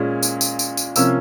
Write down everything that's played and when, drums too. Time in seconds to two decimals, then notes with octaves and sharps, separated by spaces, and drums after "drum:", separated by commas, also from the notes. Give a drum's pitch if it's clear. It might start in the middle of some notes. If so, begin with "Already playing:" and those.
Already playing: A#2 G#3 C#4
0.23 drum: tambourine
0.41 drum: tambourine
0.59 drum: tambourine
0.77 drum: tambourine
0.96 C3 F3 A#3 C#4 E6, drum: tambourine